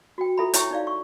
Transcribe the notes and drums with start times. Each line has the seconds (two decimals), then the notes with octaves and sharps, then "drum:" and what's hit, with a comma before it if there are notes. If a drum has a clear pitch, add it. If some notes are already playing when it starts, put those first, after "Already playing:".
0.18 F#4 G5
0.38 F4 A4 E5 A#5 B5
0.54 E4 C#5 E5 G5 C#6, drum: hi-hat
0.71 D#4 D5 F5
0.87 C#6